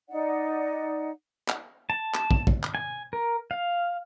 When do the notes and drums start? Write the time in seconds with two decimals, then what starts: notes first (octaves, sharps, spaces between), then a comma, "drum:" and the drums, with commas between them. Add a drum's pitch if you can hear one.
0.09 D#4 D5 F#5
1.48 drum: clap
1.90 A5
2.14 drum: clap
2.31 drum: kick
2.47 drum: kick
2.64 drum: clap
2.75 G#5
3.13 A#4
3.51 F5